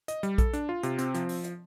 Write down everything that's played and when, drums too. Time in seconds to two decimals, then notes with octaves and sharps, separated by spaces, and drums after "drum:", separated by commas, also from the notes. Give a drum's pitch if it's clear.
0.08 D#5, drum: hi-hat
0.23 G3, drum: hi-hat
0.38 A4, drum: kick A#1, hi-hat
0.53 D4, drum: hi-hat
0.69 F4
0.83 C3, drum: hi-hat
0.98 C4, drum: hi-hat
1.14 F3, drum: hi-hat
1.29 drum: open hi-hat
1.44 drum: hi-hat